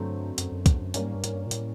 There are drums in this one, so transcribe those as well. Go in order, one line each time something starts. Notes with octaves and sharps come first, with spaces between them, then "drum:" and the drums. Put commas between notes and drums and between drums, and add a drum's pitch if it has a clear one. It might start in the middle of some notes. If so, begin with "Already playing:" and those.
Already playing: G2 D3 F#3 A3 C4
F#2, drum: hi-hat
F#2
E2, drum: kick, hi-hat
F#2
G2 G3 A#3 C#4, drum: hi-hat
G#2
G2
G#2, drum: hi-hat
G2
A#2
A2, drum: hi-hat